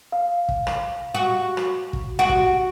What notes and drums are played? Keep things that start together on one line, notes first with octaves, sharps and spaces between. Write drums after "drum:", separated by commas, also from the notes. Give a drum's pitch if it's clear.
F5
drum: kick
drum: rim click
F#4
drum: rim click
drum: kick
F#4 F#5 D7
drum: kick